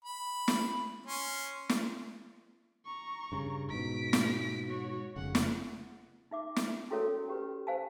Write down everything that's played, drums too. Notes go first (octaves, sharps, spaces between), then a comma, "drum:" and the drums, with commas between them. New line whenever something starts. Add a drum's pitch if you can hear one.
B5
drum: snare
C#4 C6
drum: snare
A#5 C#6
G2 C#3
G#2 B2 B6 D7
drum: snare
F#4 C#5
F1 C#3 F#5
drum: snare
D#4 E5 D6
drum: snare
C#4 E4 F#4 A4 A#4 C#5
C#4 G4 B4
C5 F5 G#5 A5